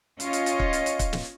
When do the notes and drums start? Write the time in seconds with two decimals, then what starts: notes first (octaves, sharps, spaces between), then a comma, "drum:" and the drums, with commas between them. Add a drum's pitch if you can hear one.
0.20 C#4 F4 C#5 D#5, drum: hi-hat
0.33 drum: hi-hat
0.46 drum: hi-hat
0.60 drum: kick
0.73 drum: hi-hat
0.86 drum: hi-hat
0.99 drum: kick, hi-hat
1.13 drum: snare